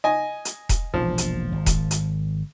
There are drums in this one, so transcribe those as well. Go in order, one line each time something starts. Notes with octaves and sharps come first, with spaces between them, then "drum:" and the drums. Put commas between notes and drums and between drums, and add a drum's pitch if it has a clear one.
D#5 G#5
drum: hi-hat
drum: kick E1, hi-hat
E1 A#1 A#2 F3
drum: hi-hat
G#1
drum: kick E1, hi-hat
drum: hi-hat